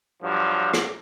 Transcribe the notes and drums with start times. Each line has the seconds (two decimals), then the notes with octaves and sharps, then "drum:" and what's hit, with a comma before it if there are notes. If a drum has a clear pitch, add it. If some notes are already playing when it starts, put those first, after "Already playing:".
0.23 G2 F3 F#3
0.74 drum: rim click